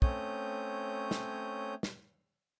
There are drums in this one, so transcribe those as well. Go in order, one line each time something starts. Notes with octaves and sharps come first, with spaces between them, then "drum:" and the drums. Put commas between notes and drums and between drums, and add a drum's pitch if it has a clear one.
A3 C4 C#4 C#5 D#6 G6, drum: kick
drum: snare
drum: snare